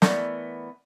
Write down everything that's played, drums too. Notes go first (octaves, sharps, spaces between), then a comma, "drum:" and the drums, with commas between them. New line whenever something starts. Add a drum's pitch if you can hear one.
E3 A3 B3 A#4 D5, drum: snare